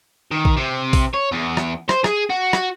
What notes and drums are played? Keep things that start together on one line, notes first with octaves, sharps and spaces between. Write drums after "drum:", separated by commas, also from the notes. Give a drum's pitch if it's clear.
D#3
drum: kick
C3
drum: kick, open hi-hat
C#5
E2
drum: rim click
C5, drum: rim click
G#4, drum: rim click
F#4
drum: rim click